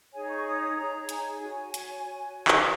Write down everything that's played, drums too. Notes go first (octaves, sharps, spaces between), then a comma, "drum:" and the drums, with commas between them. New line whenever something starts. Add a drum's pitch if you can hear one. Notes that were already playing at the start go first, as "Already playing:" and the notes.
D#4 G#4 C#5 G#5
C#6
D#6
D#6
D#4 G#4 C#5 A#5
G#5, drum: hi-hat
F#4 C#5
drum: hi-hat
F#4 C#5
drum: clap